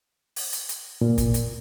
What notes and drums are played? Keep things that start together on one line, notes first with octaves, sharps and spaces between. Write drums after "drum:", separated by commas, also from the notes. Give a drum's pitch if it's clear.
drum: open hi-hat
drum: hi-hat
drum: hi-hat
A#2
drum: kick, hi-hat
drum: hi-hat